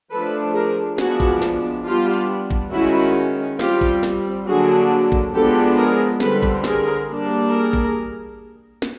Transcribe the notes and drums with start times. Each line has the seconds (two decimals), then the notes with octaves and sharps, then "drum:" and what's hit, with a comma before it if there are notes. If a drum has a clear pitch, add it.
0.11 F3 A3 D4 A4 B4
0.54 G#4 A#4
0.98 F3 G#3 B3 D4 F#4 G#4, drum: snare
1.20 drum: kick G#1
1.42 drum: snare
1.85 G3 B3 D4 F4 G4
2.51 drum: kick G#1
2.72 D#3 G#3 C#4 E4 F#4
3.59 G3 C4 F4 G4, drum: snare
3.81 drum: kick G#1
4.03 drum: snare
4.46 D3 F#3 A#3 D4 F#4 G#4
5.12 drum: kick G#1
5.34 F3 G#3 B3 D4 G4 A4
5.77 G#4 A#4
6.20 D3 G3 C4 A4 B4, drum: snare
6.43 drum: kick G#1
6.64 G#4 A#4, drum: snare
7.08 G3 A#3 D4
7.51 G#4 A#4
7.73 drum: kick G#1
8.82 drum: snare